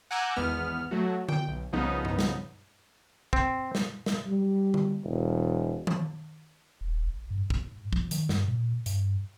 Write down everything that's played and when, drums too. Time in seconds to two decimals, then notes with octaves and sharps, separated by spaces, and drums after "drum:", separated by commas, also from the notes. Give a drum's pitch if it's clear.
0.11 F#5 G#5 A#5 D6 E6 G6
0.36 G#1 E2 G#3 B3 F6
0.91 F#3 A3 F#4
1.29 G5, drum: tom D3
1.47 B1
1.72 C2 C#3 F3 B3 D#4
2.05 drum: tom G2
2.19 drum: snare
3.33 C4, drum: kick
3.75 drum: snare
4.06 drum: snare
4.27 G3
4.74 drum: tom D3
5.04 E1
5.87 drum: tom D#3
6.81 D#1
7.07 G#1
7.31 G2
7.50 G#2, drum: kick
7.93 F3, drum: kick
8.11 D#3, drum: hi-hat
8.29 G2, drum: snare
8.48 A#2
8.86 G2, drum: hi-hat